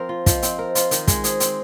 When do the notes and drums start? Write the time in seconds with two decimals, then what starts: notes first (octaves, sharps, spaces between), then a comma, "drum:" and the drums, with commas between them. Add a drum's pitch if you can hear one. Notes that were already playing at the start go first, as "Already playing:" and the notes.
Already playing: F3 C4 A#4 C5
0.09 F4
0.26 F3 D#5, drum: kick, hi-hat
0.42 C4, drum: hi-hat
0.59 A#4 C5
0.75 F4, drum: hi-hat
0.91 D#3, drum: hi-hat
1.08 G#3, drum: kick, hi-hat
1.24 G#4 C5, drum: hi-hat
1.40 C4, drum: hi-hat